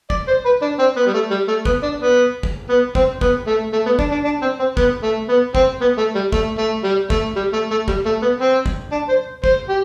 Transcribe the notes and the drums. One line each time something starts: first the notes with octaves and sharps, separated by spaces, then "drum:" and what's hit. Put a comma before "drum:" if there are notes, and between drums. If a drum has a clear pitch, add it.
D5, drum: kick
C5
B4
D4
C4
B3
G3
A3
G3
A3
B3, drum: kick
D4
B3
drum: kick
B3
C4, drum: kick
B3, drum: kick
A3
A3
B3
D4, drum: kick
D4
D4
C4
C4
B3, drum: kick
A3
B3
C4, drum: kick
B3
A3
G3
A3, drum: kick
A3
G3
A3, drum: kick
G3
A3
A3
G3, drum: kick
A3
B3
C4
drum: kick
D4
C5
C5, drum: kick
G4